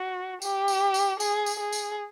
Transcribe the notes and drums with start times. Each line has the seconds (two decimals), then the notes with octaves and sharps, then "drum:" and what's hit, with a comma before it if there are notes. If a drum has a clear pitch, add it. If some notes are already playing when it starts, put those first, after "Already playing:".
Already playing: F#4
0.42 G4, drum: tambourine
0.68 drum: tambourine
0.94 drum: tambourine
1.20 G#4, drum: tambourine
1.46 drum: tambourine
1.60 G#4
1.72 drum: tambourine